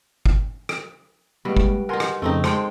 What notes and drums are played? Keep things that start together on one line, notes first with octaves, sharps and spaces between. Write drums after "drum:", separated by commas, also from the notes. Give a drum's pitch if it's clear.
drum: kick
drum: rim click
G2 G3 G#3 A#3 F#4
drum: kick
D#4 F4 A#4 F#5 G#5 C6
drum: rim click
F2 C#3 A3 C4 D#4
G#3 C5 G5 A5 C6, drum: rim click